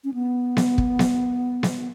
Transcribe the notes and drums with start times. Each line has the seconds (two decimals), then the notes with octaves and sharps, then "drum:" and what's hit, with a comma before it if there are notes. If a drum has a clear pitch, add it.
0.04 C#4
0.14 B3
0.57 drum: snare B3
0.78 drum: kick
0.99 drum: snare B3
1.63 drum: snare B3